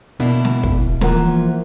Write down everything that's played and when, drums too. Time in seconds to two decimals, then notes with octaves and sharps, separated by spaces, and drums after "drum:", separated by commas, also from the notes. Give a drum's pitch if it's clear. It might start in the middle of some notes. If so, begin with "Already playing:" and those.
0.20 B2 A#3 D4 E4
0.45 drum: snare
0.63 drum: kick
1.01 E3 F3 A#3 A#4 F#5, drum: snare